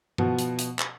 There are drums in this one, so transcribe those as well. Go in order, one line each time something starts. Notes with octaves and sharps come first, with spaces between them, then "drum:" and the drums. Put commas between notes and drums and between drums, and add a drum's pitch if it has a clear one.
B2 F3 B3, drum: tom G2
drum: hi-hat
drum: hi-hat
drum: clap